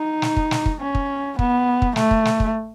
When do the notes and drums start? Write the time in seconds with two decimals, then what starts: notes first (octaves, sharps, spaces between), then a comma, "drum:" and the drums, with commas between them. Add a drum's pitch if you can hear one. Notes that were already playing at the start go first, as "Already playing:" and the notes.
Already playing: D#4
0.22 drum: snare
0.37 drum: kick
0.51 drum: snare
0.66 drum: kick
0.80 C#4
0.95 drum: kick
1.39 B3, drum: kick
1.82 drum: kick
1.96 A3, drum: snare
2.11 drum: kick
2.25 drum: snare
2.40 drum: kick